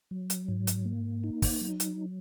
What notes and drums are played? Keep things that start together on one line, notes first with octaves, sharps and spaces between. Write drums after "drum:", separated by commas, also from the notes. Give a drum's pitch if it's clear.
F#3
drum: hi-hat
G#2
drum: hi-hat
A#3
D#4
drum: kick, open hi-hat
F#3
drum: hi-hat